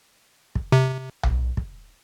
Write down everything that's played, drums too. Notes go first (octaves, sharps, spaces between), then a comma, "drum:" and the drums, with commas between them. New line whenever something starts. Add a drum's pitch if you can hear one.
drum: kick
C3
drum: tom B1
drum: kick